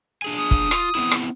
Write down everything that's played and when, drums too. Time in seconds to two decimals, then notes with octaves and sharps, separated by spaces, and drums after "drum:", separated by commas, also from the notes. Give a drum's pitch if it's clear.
0.22 D4 G#4 G#5
0.38 D#6
0.51 drum: kick
0.71 F4, drum: rim click
0.95 B3 C4 E4
1.11 drum: rim click